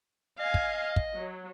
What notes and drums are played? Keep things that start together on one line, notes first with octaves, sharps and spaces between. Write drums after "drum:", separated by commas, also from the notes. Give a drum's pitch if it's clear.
D#5 F5 G#5
drum: kick
drum: kick
F#3